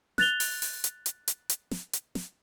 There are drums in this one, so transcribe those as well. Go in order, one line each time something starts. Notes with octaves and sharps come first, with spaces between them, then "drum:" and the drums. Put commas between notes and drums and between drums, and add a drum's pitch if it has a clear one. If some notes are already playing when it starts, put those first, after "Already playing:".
F#6 A6 F7 G7, drum: snare
drum: open hi-hat
drum: open hi-hat
drum: hi-hat
drum: hi-hat
drum: hi-hat
drum: hi-hat
drum: snare
drum: hi-hat
drum: snare